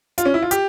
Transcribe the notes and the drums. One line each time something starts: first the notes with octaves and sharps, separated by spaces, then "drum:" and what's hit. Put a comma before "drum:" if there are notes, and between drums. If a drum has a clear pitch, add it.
F4, drum: hi-hat
C#4
E4
F4
G4, drum: hi-hat